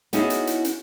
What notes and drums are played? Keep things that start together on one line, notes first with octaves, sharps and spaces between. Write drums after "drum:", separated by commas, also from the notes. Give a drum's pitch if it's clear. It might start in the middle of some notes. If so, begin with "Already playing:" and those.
B3 C#4 D#4 E4 F#4 G#4, drum: hi-hat
drum: hi-hat
drum: hi-hat
drum: hi-hat